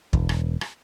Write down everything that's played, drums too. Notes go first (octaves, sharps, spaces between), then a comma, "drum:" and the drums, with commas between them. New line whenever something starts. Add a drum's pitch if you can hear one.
E1, drum: kick
drum: rim click
drum: rim click